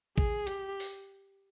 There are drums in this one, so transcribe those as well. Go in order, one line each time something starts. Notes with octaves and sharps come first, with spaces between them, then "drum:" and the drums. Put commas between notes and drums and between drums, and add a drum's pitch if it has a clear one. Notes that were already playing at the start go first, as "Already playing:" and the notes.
G#4, drum: kick G#1
G4, drum: hi-hat
drum: open hi-hat